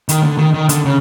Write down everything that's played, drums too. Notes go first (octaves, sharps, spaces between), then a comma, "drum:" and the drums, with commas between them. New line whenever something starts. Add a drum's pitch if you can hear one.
D#3, drum: hi-hat
D3
D#3
D#3
D3, drum: hi-hat
C#3